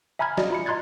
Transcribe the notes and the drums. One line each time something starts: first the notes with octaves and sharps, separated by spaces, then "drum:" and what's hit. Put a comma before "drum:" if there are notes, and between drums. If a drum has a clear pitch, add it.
E5 G#5 A#5 B5 F6 G#6
F#4 D5 D#5, drum: snare
F4 B5 C#7
D#5 A#5 C6 F#6 G#6 A6